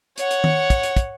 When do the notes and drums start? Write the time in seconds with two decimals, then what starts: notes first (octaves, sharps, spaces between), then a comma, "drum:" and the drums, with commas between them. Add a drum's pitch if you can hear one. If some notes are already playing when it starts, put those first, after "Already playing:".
0.18 C#5 F#5, drum: hi-hat
0.31 drum: hi-hat
0.44 drum: tom D#3
0.70 drum: kick, hi-hat
0.83 drum: hi-hat
0.97 drum: kick, hi-hat